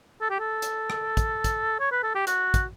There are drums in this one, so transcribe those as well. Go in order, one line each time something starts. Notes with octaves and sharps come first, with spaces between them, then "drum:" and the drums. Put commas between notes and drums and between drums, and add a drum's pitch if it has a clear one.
A4
G4
A4
drum: hi-hat
drum: rim click
drum: kick, hi-hat
drum: kick, hi-hat
C#5
B4
A4
G4
F#4, drum: hi-hat
drum: kick, hi-hat